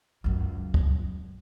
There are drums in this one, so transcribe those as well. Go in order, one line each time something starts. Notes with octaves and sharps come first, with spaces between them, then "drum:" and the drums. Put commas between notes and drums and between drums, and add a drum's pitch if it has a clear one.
C#2 F#2
drum: kick